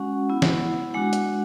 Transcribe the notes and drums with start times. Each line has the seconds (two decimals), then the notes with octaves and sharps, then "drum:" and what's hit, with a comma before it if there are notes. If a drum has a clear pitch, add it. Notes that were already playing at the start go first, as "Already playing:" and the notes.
Already playing: G#3 C#4 F#4 F#5
0.29 B3 E4
0.42 drum: snare
0.94 G#3 D4 F#4 F#5
1.13 drum: hi-hat